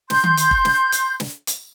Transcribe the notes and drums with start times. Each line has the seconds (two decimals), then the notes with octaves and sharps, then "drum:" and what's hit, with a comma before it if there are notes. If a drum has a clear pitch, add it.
0.10 C6 G6, drum: snare
0.24 drum: tom D#3
0.37 drum: hi-hat
0.51 drum: kick
0.65 drum: snare
0.92 drum: hi-hat
1.20 drum: snare
1.47 drum: hi-hat